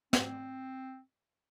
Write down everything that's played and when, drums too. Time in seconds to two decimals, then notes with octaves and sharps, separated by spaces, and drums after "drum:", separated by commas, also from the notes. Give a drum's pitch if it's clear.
0.13 C4, drum: snare